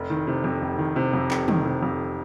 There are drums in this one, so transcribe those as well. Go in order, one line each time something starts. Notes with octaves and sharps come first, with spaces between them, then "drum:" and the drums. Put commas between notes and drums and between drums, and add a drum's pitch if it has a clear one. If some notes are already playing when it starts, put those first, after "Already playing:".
Already playing: F1
D#3
C3
F2
F1
D#3
C3
F2
F1, drum: clap
D#3, drum: tom
C3
F2